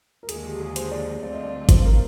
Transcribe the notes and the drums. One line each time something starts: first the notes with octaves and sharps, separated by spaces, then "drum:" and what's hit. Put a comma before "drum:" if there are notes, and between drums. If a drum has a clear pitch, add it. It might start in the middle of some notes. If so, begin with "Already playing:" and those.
A#4
D#2 D3 F3 G#3 G#4, drum: hi-hat
G4
G#4
C5, drum: hi-hat
D5
D2 D3 G3 C4 F4 D5
D#5
D5
C5, drum: kick G#1, hi-hat
A#4